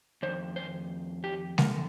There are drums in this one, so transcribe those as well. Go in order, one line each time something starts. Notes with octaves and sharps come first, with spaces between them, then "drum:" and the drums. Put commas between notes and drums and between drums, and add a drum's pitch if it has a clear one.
F2 D#3 C5
C5
G4
F2 D3 A#4, drum: snare G#3